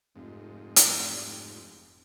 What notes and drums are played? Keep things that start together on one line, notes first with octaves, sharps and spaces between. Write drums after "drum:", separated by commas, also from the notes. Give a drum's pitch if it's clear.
F1 F2 G#2
drum: hi-hat